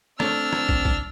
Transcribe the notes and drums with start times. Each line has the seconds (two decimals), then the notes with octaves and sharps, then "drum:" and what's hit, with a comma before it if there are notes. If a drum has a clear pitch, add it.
0.20 A3 C4 D4 C#5 E6 F6, drum: rim click
0.53 drum: rim click
0.69 drum: kick
0.85 drum: kick